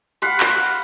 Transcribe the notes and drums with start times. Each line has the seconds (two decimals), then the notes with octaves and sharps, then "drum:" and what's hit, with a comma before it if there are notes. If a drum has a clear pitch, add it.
0.22 F5 F#5 B5 C6, drum: hi-hat
0.40 drum: clap
0.59 drum: open hi-hat